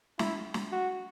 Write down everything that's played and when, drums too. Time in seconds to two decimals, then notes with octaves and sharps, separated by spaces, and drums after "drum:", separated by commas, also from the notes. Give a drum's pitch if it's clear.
0.19 E4, drum: snare
0.54 drum: snare
0.72 F#4